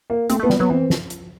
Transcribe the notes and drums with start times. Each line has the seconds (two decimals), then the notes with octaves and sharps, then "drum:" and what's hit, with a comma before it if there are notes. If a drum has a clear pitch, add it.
0.10 A#3
0.30 A3 C4, drum: hi-hat
0.40 A3
0.43 B3
0.50 G3, drum: snare
0.59 F#3 B3
0.70 E3 C4
0.90 drum: snare
1.10 drum: hi-hat